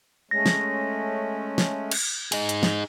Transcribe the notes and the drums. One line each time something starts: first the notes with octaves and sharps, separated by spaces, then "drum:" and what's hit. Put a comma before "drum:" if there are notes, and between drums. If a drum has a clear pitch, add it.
G#3 A3 C#4 A#6
drum: snare
drum: snare
drum: cymbal
D#4 G#4, drum: cymbal
drum: hi-hat
drum: snare